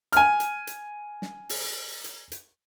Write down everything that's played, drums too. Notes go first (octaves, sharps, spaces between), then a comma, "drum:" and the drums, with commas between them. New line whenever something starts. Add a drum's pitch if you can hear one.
G#5 F6, drum: hi-hat
drum: hi-hat
drum: hi-hat
drum: snare
drum: open hi-hat
drum: hi-hat
drum: hi-hat